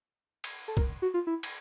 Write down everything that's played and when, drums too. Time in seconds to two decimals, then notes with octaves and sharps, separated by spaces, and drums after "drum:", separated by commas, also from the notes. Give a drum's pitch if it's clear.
0.44 drum: cymbal
0.68 A4
0.77 A#4, drum: kick C2
1.02 F#4
1.14 F4
1.27 E4
1.43 drum: cymbal